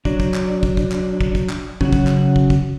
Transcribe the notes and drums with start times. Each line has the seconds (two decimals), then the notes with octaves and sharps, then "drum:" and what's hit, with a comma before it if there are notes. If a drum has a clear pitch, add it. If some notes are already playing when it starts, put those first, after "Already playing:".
0.05 F#3 D4, drum: kick
0.20 drum: kick
0.34 drum: clap
0.63 drum: kick
0.77 drum: kick
0.92 drum: clap
1.21 drum: kick
1.35 drum: kick
1.49 drum: clap
1.81 C#3 F#3 C#4 F#4, drum: kick
1.93 drum: kick
2.07 drum: clap
2.36 drum: kick
2.50 drum: kick